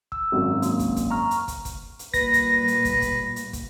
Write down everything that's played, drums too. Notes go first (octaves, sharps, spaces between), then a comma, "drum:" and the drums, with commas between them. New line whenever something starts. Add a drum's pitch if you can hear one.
E6, drum: kick
G#1 F#2
A#3, drum: hi-hat
drum: kick, hi-hat
drum: kick, hi-hat
A#5 C#6 F6
drum: hi-hat
drum: kick, hi-hat
drum: kick, hi-hat
drum: hi-hat
A#2 G3 B4 A#6, drum: kick, hi-hat
drum: kick, hi-hat
drum: hi-hat
drum: kick, hi-hat
drum: kick, hi-hat
drum: hi-hat
drum: kick, hi-hat